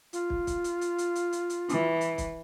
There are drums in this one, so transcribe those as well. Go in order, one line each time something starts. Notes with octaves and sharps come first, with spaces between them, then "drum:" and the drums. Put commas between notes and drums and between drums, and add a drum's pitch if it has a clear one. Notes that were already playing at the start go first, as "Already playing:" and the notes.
F4, drum: hi-hat
drum: kick
drum: kick, hi-hat
drum: hi-hat
drum: hi-hat
drum: hi-hat
drum: hi-hat
drum: hi-hat
drum: hi-hat
E3, drum: hi-hat
drum: hi-hat
drum: kick, hi-hat